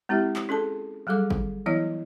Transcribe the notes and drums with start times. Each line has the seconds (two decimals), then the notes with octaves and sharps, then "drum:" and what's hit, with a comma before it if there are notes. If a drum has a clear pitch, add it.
0.09 G#3 C4 E4 G4 E5
0.36 drum: clap
0.49 C#4 G#4 A4 A5
1.07 F#3 G3 G#4 A4 D6
1.30 drum: kick
1.66 E3 F#3 B3 E4 C#5 D#5